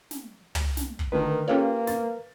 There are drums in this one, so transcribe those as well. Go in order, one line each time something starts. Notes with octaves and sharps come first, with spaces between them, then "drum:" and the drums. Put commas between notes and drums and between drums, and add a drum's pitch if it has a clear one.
drum: snare
drum: tom
drum: snare
drum: kick
D3 D#3 A3 A#4 B4
A#3 C#4 F4 G4 A4 C#5
A6, drum: snare